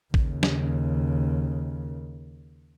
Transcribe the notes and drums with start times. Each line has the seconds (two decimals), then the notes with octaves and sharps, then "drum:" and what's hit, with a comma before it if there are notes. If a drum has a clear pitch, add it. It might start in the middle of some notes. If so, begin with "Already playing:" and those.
0.14 D#2 C#3, drum: kick
0.43 drum: snare